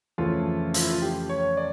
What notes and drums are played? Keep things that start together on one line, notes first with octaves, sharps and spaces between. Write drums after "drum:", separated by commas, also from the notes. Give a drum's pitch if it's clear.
F2 C#3 E3 A3 F4
F4, drum: hi-hat
E4
F4
G4
C#5
D5